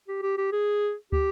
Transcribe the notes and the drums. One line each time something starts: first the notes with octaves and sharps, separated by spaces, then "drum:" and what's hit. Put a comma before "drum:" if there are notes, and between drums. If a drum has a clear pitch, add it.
G4
G4
G4
G#4
G4, drum: kick